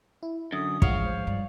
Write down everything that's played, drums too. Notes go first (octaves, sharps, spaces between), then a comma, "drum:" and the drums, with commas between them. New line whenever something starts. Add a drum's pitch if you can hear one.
E4
F#2 D3 D#6
A1 F3 G#3 C#5 F5 F#5, drum: kick
C5
G2 D5